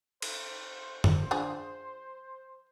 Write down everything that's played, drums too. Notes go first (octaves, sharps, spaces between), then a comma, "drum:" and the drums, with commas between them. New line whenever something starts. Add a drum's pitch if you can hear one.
C5, drum: cymbal
drum: tom F#2
F3 D4 G#4